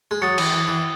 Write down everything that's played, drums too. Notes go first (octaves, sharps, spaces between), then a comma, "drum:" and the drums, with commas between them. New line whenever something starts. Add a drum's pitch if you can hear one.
G#3
F#3 D#6 A6 C#7
E3, drum: cymbal
E3
E3